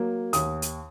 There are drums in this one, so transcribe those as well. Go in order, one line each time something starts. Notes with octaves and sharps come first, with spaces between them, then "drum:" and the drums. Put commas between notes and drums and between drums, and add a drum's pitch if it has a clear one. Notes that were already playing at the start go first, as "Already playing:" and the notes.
Already playing: F#3 A#3
D#2 D#6, drum: hi-hat
drum: hi-hat